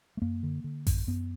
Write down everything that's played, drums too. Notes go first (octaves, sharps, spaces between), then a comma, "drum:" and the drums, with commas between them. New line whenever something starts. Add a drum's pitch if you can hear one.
A3
F#2 A#3
D3
D3
F#2, drum: kick A1, open hi-hat
F#2 B3